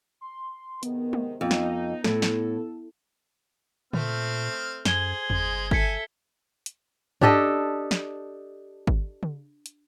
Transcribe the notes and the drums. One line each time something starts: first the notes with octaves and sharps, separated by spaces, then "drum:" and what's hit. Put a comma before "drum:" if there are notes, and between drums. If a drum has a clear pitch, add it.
C6
G#2 C3 D#3 B3, drum: hi-hat
drum: tom
F2 B3 D#4
drum: snare
A2 A4, drum: snare
drum: snare
A#2 A3 C4 F6, drum: tom C#3
F#2 G#4 C5 G#6 G7, drum: snare
G1 G#3, drum: tom E2
A4 E5 G#5 G#6 B6 C#7, drum: kick G#1
drum: hi-hat
D4 G4 A4 D#5, drum: tom G2
drum: snare
drum: kick G#1
drum: tom C#3
drum: hi-hat